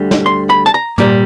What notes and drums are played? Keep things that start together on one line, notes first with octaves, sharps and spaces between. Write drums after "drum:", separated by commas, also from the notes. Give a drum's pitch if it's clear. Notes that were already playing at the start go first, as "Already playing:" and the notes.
Already playing: D2 D3 G3
drum: snare
C6
B5
A5
A#5
A#2 G3 A#3, drum: tom